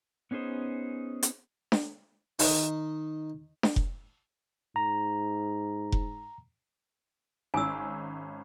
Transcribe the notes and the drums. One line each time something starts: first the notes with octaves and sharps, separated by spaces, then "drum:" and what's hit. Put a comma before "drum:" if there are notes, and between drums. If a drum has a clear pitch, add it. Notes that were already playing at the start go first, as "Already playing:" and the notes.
B3 C#4 D#4 G#4 C5
drum: hi-hat
drum: snare D4
D#3 D#4, drum: open hi-hat
drum: snare D4
drum: kick F1
G#2 A#5
drum: kick F1
G#1 C#4 G#5 E6